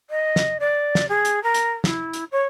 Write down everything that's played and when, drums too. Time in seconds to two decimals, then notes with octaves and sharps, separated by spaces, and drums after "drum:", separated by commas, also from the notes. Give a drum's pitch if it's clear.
0.10 D#5
0.36 drum: snare
0.60 D5
0.95 drum: snare
1.09 G#4
1.25 drum: hi-hat
1.43 A#4
1.54 drum: hi-hat
1.84 E4, drum: snare
2.13 drum: hi-hat
2.32 C#5